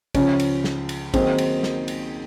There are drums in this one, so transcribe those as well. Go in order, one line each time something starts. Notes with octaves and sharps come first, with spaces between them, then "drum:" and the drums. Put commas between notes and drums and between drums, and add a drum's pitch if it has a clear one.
C#2 C#3 F3 C#4, drum: kick, cymbal
drum: cymbal
drum: snare
drum: cymbal
D#3 F#3 A#3 C4 D#4 G#4, drum: kick, cymbal
drum: cymbal
drum: snare
drum: cymbal